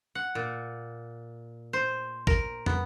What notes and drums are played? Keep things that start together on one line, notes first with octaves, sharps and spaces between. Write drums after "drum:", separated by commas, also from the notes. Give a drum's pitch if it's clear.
F#5
A#2
C5
A#4, drum: kick
B3, drum: tom